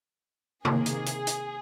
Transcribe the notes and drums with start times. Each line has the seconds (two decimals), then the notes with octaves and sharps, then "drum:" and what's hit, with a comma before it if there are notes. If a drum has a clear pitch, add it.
0.65 C3 D#3 A#3 G#4, drum: tom C3
0.86 drum: hi-hat
1.06 drum: hi-hat
1.27 drum: hi-hat